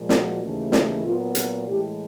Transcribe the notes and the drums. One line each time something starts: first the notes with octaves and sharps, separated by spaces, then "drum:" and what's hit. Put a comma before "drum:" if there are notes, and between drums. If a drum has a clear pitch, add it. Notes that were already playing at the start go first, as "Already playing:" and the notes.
Already playing: A#2 F3 G#3
F#4, drum: snare
D#2 C#3 E3 A3
drum: snare
A#2 F#3 B3 F4
F#4, drum: hi-hat
A2 E3 G#3 G4